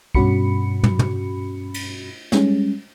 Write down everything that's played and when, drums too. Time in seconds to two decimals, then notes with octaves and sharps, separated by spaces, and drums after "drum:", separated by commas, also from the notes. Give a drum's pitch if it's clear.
0.15 G2 B2 C#4 F#4 B5 C#7, drum: kick
0.84 drum: tom
0.99 drum: tom
1.74 drum: cymbal
2.32 G3 G#3 C#4, drum: snare